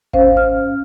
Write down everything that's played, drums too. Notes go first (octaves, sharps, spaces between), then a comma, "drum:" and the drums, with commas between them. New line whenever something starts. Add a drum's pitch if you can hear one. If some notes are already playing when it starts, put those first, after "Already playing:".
C#4 C5 F5, drum: kick G#1
F6